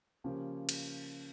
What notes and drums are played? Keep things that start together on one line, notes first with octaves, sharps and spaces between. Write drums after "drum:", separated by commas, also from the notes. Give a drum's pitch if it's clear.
C#3 F3 A#3 C#4 G4
drum: cymbal